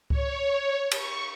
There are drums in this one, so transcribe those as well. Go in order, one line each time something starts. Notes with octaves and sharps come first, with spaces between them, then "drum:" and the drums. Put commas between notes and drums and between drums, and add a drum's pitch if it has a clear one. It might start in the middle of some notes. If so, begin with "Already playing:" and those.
C#5, drum: kick C#2
C#6, drum: cymbal